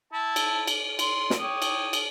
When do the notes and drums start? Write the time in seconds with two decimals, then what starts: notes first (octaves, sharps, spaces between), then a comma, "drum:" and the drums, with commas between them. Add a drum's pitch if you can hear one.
0.13 E4 A5
0.36 drum: cymbal
0.67 drum: cymbal
0.99 C6, drum: cymbal
1.30 drum: snare
1.40 G4 C#5 D#6
1.62 drum: cymbal
1.93 drum: cymbal